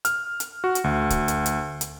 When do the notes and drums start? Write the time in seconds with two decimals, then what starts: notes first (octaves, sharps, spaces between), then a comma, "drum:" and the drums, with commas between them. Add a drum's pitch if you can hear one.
0.05 F6, drum: hi-hat
0.40 drum: hi-hat
0.64 F#4
0.75 drum: hi-hat
0.84 D2
1.10 drum: kick, hi-hat
1.28 drum: hi-hat
1.46 drum: hi-hat
1.81 drum: hi-hat